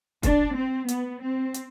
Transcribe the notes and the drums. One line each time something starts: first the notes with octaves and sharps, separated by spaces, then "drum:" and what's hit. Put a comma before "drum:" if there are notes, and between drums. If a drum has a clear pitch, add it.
D4, drum: kick, hi-hat
C4
B3, drum: hi-hat
C4
drum: hi-hat